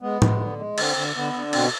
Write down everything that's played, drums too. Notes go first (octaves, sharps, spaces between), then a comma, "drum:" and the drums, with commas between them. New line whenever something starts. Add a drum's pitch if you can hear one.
G#3 B3
G#3, drum: tom A2
D3
G#3
D3 C4, drum: cymbal
D3
D3 B3
D3
B2 C4, drum: cymbal